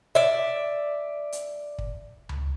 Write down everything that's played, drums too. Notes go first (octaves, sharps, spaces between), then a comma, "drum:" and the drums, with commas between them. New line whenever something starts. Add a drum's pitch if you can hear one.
D5 E5
drum: hi-hat
drum: kick
drum: tom C#2